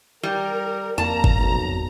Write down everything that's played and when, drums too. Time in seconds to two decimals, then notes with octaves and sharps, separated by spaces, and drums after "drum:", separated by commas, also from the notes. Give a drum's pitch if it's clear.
0.23 G3 A#4
0.98 F2 A#3 A5 A#5
1.24 drum: kick G1
1.38 B1 F2